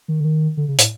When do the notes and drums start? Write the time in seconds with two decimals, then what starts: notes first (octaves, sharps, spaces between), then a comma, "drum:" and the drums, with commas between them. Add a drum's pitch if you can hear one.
0.08 D#3
0.20 D3
0.24 D#3
0.57 D3
0.68 C#3
0.78 A2, drum: hi-hat